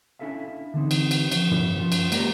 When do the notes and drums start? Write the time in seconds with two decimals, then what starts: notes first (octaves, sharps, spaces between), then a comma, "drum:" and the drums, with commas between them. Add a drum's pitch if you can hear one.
0.19 C#4 D4 E4 A4 E5 F5
0.74 D3 E3 C4 D#4
0.91 drum: cymbal
1.11 drum: cymbal
1.32 F3, drum: cymbal
1.51 drum: tom
1.77 F3 F4
1.92 drum: cymbal
2.12 G#3 A#3 G4 A#4 C5 D5, drum: cymbal